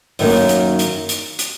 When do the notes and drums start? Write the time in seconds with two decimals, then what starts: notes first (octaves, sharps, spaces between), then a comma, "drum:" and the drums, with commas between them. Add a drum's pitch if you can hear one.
0.19 F#2 D#3 F#3 A#3, drum: open hi-hat
0.49 drum: hi-hat
0.79 drum: hi-hat
1.09 drum: hi-hat
1.39 drum: hi-hat